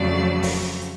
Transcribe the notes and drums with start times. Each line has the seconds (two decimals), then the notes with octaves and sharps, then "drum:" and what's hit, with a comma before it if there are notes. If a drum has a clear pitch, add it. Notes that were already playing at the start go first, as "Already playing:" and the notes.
Already playing: F2 C#3 F#3 A3 D5
0.43 drum: kick, open hi-hat
0.81 drum: hi-hat